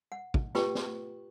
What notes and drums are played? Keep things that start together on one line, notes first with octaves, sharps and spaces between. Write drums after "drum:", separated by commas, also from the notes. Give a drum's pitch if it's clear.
F#5
drum: kick
F4 G4 B4 G5 C#6, drum: snare
drum: snare